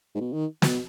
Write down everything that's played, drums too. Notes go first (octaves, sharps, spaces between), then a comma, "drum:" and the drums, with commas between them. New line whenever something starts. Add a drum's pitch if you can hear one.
G#2
B2
D#3
B2, drum: snare